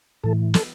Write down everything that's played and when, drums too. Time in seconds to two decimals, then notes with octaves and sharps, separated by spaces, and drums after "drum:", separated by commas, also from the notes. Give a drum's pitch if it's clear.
0.24 A2 E3 A4
0.54 A4, drum: snare